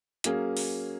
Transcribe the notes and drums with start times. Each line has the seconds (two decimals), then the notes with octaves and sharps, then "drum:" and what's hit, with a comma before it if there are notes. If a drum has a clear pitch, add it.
0.24 F#3 A#3 C#4 G#4, drum: hi-hat
0.57 drum: open hi-hat